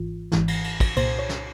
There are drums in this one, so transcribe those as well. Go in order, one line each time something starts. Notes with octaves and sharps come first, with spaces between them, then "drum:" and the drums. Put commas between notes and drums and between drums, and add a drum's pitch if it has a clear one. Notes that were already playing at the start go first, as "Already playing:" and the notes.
Already playing: G#1 G#2 E3 F4
G#1 G#2 E3, drum: snare
drum: cymbal
drum: cymbal
drum: kick, cymbal
C2 A#2 C5, drum: cymbal
C#5
drum: snare